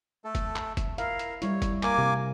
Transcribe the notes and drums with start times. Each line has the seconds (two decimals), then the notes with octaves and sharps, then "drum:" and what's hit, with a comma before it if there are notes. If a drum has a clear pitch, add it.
0.24 A3 A4
0.35 drum: kick F#1, hi-hat
0.56 drum: clap
0.77 drum: kick F#1, hi-hat
0.98 E4 A#4 F5, drum: hi-hat
1.19 drum: hi-hat
1.42 G3 E4 C#5, drum: hi-hat
1.62 drum: kick F#1, hi-hat
1.83 A#3 G#5 D6, drum: clap
1.98 C3